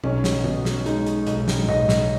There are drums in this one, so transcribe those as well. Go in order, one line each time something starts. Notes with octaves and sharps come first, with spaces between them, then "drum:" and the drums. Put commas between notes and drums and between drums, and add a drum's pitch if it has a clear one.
B1 C#4, drum: tom B2
drum: snare
B2, drum: tom D3
drum: snare
G#3 D#4, drum: hi-hat
drum: hi-hat
B1, drum: hi-hat
drum: snare
B1 D#5, drum: tom A2
drum: snare